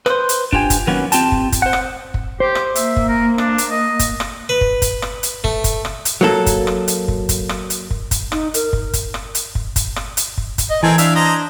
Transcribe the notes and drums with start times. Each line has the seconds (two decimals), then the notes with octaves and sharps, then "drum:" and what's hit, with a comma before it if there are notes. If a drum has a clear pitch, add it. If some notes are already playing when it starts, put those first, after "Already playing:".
0.06 B4 C5, drum: rim click
0.29 drum: hi-hat
0.52 D4 F4 G4 G#5, drum: kick
0.70 drum: kick, hi-hat
0.87 D#3 F#3 A#3 B3 C#4
1.12 C4 F4 G4 A5, drum: hi-hat
1.32 drum: kick
1.52 drum: kick, hi-hat
1.62 C5 F#5
1.73 drum: rim click
2.14 drum: kick
2.40 G4 C5
2.55 drum: rim click
2.75 A#3 E5, drum: hi-hat
2.96 drum: kick
3.08 A#4
3.38 D4, drum: rim click
3.58 drum: hi-hat
3.71 D#5
3.99 drum: kick, hi-hat
4.20 drum: rim click
4.49 B4
4.61 drum: kick
4.82 drum: kick, hi-hat
5.02 drum: rim click
5.23 drum: hi-hat
5.44 A3, drum: kick
5.64 drum: kick, hi-hat
5.85 drum: rim click
6.05 drum: hi-hat
6.21 F#3 A#3 A4
6.46 drum: kick, hi-hat
6.67 drum: rim click
6.88 drum: hi-hat
7.08 drum: kick
7.29 drum: kick, hi-hat
7.49 drum: rim click
7.70 drum: hi-hat
7.91 drum: kick
8.11 drum: kick, hi-hat
8.32 D#4, drum: rim click
8.54 A#4, drum: hi-hat
8.73 drum: kick
8.93 drum: kick, hi-hat
9.14 drum: rim click
9.35 drum: hi-hat
9.55 drum: kick
9.76 drum: kick, hi-hat
9.96 drum: rim click
10.17 drum: hi-hat
10.38 drum: kick
10.58 drum: kick, hi-hat
10.70 D#5
10.83 E3 A3 C4 A#4 G#5 A5 G#6
10.98 D4 E5 F5, drum: hi-hat
11.16 C5 D#5 A#5